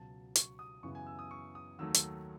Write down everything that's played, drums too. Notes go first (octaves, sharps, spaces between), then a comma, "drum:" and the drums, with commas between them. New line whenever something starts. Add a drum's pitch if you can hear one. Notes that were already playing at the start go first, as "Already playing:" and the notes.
Already playing: C#2 B2 F#3 A5
C#6, drum: hi-hat
D#6
F#2 C#3 E3 B3 C#6
G#5
E6
D#6
C#6
D#6
D#2 D#3 F#3 A3 E6
drum: hi-hat